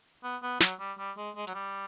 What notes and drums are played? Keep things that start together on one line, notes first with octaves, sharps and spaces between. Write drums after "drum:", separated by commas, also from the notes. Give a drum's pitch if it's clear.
B3
B3
F#3, drum: snare
G3
G3
G#3
G#3
F#3, drum: hi-hat
G3